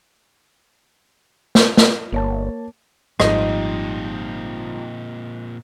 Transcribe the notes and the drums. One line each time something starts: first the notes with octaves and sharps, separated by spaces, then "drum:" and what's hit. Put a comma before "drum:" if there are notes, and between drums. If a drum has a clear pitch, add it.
drum: snare
drum: snare
G1 A#3 C#5 A5
G#1 A#2 F3 G3 C4 D#4 D#5, drum: rim click